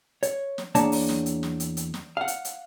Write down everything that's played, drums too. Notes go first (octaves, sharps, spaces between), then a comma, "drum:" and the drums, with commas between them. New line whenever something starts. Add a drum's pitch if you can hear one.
C#5, drum: hi-hat
drum: snare
E2 A#3 D4 C#5 A5, drum: hi-hat
drum: open hi-hat
drum: snare
drum: hi-hat
drum: snare
drum: hi-hat
drum: hi-hat
drum: snare
F5 F#5
drum: hi-hat
drum: hi-hat